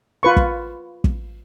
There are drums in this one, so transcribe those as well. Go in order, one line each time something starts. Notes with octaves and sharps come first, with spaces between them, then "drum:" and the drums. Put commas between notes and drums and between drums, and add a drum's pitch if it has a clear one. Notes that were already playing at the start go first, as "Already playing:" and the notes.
F4 B4 C#6
drum: kick
drum: kick